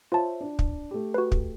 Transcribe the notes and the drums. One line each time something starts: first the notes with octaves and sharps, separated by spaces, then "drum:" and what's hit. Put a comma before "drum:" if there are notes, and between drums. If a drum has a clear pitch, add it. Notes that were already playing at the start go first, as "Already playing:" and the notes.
F4 C5 C#5 E5 A5
D4
drum: kick
A3 G4
F#4 B4
drum: kick